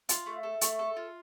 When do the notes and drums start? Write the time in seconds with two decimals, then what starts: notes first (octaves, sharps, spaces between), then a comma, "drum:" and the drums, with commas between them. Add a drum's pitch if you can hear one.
0.09 F4, drum: hi-hat
0.26 A3
0.43 A4
0.61 A3, drum: hi-hat
0.79 A4
0.96 F4